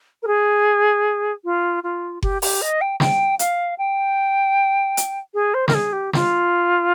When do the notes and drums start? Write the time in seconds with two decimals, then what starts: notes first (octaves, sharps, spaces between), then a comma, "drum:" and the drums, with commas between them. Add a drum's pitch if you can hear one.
0.23 A#4
0.27 G#4
1.45 F4
1.83 F4
2.23 G4, drum: kick F#1
2.42 G4, drum: open hi-hat
2.62 D#5
2.81 G5
3.00 G5, drum: snare
3.39 F5, drum: hi-hat
3.78 G5
4.97 drum: hi-hat
5.34 G#4
5.54 C5
5.68 A#4, drum: snare
5.74 G#4
5.93 G4
6.13 F4, drum: snare